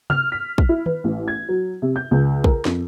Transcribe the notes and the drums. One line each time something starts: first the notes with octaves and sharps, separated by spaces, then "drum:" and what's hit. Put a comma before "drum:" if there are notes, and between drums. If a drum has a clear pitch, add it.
F6, drum: tom C3
B6
drum: kick
E4
B4, drum: tom D#3
A1
G#6
F#3
C3
G6
C#2
A#4, drum: kick
F2, drum: snare